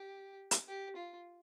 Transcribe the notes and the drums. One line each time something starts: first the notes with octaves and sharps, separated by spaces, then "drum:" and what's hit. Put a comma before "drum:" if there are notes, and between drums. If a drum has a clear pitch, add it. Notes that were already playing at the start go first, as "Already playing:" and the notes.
Already playing: G4
drum: hi-hat
G4
F4